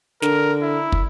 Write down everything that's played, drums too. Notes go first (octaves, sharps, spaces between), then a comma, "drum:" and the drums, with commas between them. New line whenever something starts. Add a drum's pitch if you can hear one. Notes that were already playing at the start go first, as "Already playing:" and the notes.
D3 A#4, drum: snare
E4
drum: kick